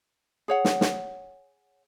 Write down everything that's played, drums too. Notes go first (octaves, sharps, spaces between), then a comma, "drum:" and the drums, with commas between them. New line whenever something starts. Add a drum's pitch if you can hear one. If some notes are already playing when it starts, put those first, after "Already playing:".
G#4 C#5 F#5
drum: snare
drum: snare